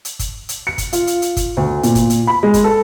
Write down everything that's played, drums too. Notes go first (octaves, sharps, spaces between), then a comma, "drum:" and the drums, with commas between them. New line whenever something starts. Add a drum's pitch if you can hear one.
drum: hi-hat
drum: kick, hi-hat
drum: hi-hat
C#7
drum: kick, hi-hat
F4, drum: hi-hat
drum: hi-hat
drum: hi-hat
drum: kick, hi-hat
D2
A#2, drum: hi-hat
drum: kick, hi-hat
drum: hi-hat
B5
G#3
drum: kick, hi-hat
A4